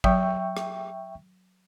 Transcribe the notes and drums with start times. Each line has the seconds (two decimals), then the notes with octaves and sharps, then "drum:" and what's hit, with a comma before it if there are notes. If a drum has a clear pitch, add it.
0.04 F#3 E5 G5 C#6, drum: kick
0.57 drum: rim click